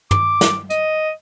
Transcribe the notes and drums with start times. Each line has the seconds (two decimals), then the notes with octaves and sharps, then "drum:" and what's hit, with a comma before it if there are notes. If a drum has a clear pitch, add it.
0.11 D6, drum: tom
0.41 drum: snare
0.70 D#5, drum: hi-hat